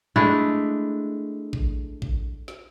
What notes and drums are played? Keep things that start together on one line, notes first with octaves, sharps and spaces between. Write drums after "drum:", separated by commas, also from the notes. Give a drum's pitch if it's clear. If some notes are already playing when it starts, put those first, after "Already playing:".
G#3 A3 D4 E4
drum: kick A1
drum: kick A1
drum: snare